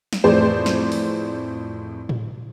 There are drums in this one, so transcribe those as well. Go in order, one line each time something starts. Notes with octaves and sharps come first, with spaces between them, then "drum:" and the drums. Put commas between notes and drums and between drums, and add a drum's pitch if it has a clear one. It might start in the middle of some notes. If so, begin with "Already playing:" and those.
drum: snare
F2 A2 E3 G#4 C5 D5
drum: snare
drum: open hi-hat
drum: tom A2